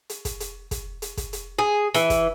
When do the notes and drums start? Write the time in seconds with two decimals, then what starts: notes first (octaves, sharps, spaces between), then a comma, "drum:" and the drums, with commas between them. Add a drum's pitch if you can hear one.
0.09 drum: hi-hat
0.25 drum: kick, hi-hat
0.40 drum: hi-hat
0.71 drum: kick, hi-hat
1.02 drum: hi-hat
1.17 drum: kick, hi-hat
1.33 drum: hi-hat
1.59 G#4
1.94 E3, drum: hi-hat
2.10 drum: kick, hi-hat